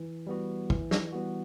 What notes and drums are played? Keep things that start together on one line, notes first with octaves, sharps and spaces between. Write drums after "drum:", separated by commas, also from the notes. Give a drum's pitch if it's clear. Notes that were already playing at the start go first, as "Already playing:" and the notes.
Already playing: E3
G3 B3 F#4
E3, drum: kick
drum: snare
G3 B3 F#4